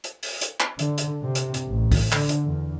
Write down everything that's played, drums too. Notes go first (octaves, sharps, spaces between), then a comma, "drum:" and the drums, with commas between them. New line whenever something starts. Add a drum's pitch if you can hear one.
drum: hi-hat
drum: open hi-hat
drum: hi-hat
drum: clap
D3, drum: hi-hat
drum: hi-hat
C3
drum: hi-hat
drum: hi-hat
A1
drum: kick, open hi-hat
D3, drum: clap
drum: hi-hat
E2